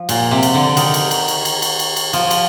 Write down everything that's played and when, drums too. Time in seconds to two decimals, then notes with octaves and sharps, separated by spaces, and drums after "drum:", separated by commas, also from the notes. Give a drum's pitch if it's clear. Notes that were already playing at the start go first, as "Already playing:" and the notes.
Already playing: F3
0.09 A#2, drum: cymbal
0.31 C3
0.43 drum: cymbal
0.54 D3
0.77 D#3, drum: cymbal
0.94 drum: cymbal
1.11 drum: cymbal
1.28 drum: cymbal
1.45 drum: cymbal
1.62 drum: cymbal
1.79 drum: cymbal
1.96 drum: cymbal
2.13 F3, drum: cymbal
2.31 drum: cymbal